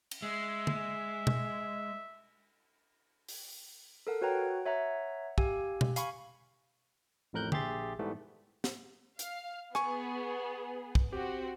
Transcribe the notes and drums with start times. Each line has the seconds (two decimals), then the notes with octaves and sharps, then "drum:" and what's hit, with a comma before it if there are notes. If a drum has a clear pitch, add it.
0.11 drum: cymbal
0.22 G#3 E5
0.67 drum: tom
1.27 drum: tom B2
3.28 drum: open hi-hat
4.07 A4 A#4 F#5
4.21 F#4 B4 C#5 F#5 G5 A#5
4.66 C#5 E5 F#5 A#5
5.38 G4 F5 G#5 E6, drum: kick
5.81 drum: tom B2
5.96 F5 G#5 B5 C#6, drum: hi-hat
7.33 A1 F2 A2 A#4 F#6 G6
7.52 A#1 G4 G#4 E5 C6 A6, drum: tom D3
7.99 G#2 E3 G3 A3 B3
8.64 drum: snare
9.19 F5, drum: hi-hat
9.75 B3 G#4 G#5 C#6, drum: rim click
10.95 drum: kick
11.13 C4 F#4 G4